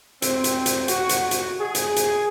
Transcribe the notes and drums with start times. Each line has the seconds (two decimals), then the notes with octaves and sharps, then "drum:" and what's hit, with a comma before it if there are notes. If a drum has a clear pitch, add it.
0.22 C4, drum: hi-hat
0.44 drum: hi-hat
0.66 drum: hi-hat
0.88 F#4, drum: hi-hat
1.09 drum: hi-hat
1.31 drum: hi-hat
1.60 G#4
1.75 drum: hi-hat
1.96 drum: hi-hat